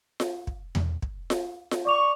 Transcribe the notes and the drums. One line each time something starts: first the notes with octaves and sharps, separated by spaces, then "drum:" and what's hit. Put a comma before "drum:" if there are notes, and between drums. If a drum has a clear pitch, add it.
drum: snare F4
drum: kick
drum: tom E2
drum: kick
drum: snare F4
drum: snare F4
D5 C#6 D6 F7